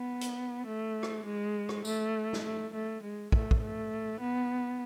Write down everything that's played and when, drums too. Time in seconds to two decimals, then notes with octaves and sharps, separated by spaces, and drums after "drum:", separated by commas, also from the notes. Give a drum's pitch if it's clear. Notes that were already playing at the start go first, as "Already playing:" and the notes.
Already playing: B3
0.21 drum: hi-hat
0.67 A3
1.03 drum: rim click
1.26 G#3
1.69 drum: rim click
1.85 A3, drum: tambourine
2.33 drum: snare
2.44 A3
2.73 A3
3.03 G#3
3.32 A3, drum: kick
3.51 drum: kick
3.61 A3
4.20 B3